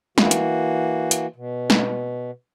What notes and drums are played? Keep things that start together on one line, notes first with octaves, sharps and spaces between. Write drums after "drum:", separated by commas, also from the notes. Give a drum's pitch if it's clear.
E3 A#3 F#4, drum: snare
drum: hi-hat
drum: hi-hat
B2
drum: snare